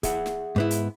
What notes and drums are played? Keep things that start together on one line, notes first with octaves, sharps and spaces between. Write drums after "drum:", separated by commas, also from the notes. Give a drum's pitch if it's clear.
G#4 E5 F#5, drum: kick, hi-hat
drum: snare
G#2 B3 E4
drum: hi-hat